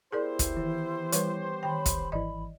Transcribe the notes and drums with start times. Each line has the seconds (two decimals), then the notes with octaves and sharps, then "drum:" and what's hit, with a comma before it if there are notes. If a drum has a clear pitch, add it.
0.12 B3 E4 G4 G#4 A#4 C5 D5
0.39 drum: kick, hi-hat
0.57 D#3 E3
1.12 E3 G3 B4 C#5, drum: hi-hat
1.63 D#3 G5 B5
1.86 drum: kick, hi-hat
2.12 G#1 E3 D5 D#5 B5